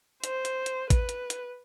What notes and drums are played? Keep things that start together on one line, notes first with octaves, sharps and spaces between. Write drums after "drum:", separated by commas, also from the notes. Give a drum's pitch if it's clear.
C5, drum: hi-hat
drum: hi-hat
drum: hi-hat
B4, drum: kick, hi-hat
drum: hi-hat
drum: hi-hat